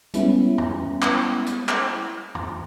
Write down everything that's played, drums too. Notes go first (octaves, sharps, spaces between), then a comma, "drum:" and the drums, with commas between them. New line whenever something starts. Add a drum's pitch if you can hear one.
G3 G#3 B3 C#4 E4, drum: hi-hat
drum: tom
drum: clap
drum: hi-hat
drum: clap
drum: tom